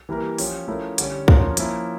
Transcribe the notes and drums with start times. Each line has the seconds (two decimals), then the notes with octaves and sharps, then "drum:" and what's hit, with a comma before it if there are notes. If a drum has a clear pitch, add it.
0.09 E3 G3 A#3 E4 A#4
0.38 F3 C#4 G4, drum: open hi-hat
0.68 F3 A3 C#4 E4 A#4
0.98 D3 G3 C#4, drum: hi-hat
1.28 F3 C#4 F4 A#4, drum: kick
1.57 F3 A#3 C#4 E4, drum: hi-hat